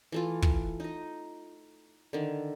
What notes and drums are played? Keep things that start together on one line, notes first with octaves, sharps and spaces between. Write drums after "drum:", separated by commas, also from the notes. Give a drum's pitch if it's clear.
E3 A3 F4
drum: kick
D#4 D#5
D3 D#3